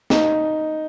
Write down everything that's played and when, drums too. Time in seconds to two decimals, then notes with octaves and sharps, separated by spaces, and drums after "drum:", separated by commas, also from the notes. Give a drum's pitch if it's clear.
0.10 D#4, drum: snare